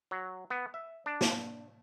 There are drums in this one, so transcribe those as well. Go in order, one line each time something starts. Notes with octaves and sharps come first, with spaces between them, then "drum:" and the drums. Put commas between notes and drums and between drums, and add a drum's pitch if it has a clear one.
F#3
B3
E5
D4
drum: snare